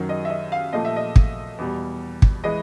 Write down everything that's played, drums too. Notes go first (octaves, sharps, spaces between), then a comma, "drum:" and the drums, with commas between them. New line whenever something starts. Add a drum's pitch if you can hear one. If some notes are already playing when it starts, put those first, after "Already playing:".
Already playing: F#2 D#3 F#3
D#5
E5
D#5
F5
A#2 F3 A3 D#5
E5
D#5
drum: kick
E2 B2 G3
drum: kick
E3 G#3 D#5